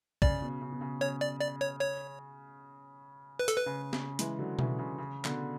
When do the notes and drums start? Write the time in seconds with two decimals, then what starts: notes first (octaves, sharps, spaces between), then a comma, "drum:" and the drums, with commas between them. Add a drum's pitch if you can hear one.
0.22 C#3 D5, drum: kick
0.42 B2
0.62 C#3
0.72 B2
0.81 C#3
1.01 C#3 C#5
1.21 D5
1.41 D5
1.61 C#5
1.81 C#5
3.39 B4
3.48 A4, drum: hi-hat
3.57 B4
3.66 C#3
3.93 C#3, drum: snare
4.19 E3 G#3, drum: hi-hat
4.39 D3 F#3
4.59 C#3 E3, drum: tom B2
4.79 C#3
4.98 C#3
5.25 B2 D3, drum: clap